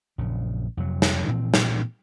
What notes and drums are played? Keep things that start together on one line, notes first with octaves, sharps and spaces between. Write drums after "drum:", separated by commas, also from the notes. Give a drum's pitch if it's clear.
A#1 F#2 C#3
F2 C3 F#3
drum: snare
A#2 E3 F3 C4
drum: snare